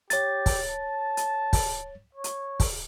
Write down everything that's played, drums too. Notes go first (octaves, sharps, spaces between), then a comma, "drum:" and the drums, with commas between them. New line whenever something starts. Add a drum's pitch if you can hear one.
G4 C#5 A6, drum: hi-hat
drum: kick, open hi-hat
A5
drum: hi-hat
drum: kick, open hi-hat
C#5
drum: hi-hat
drum: kick, open hi-hat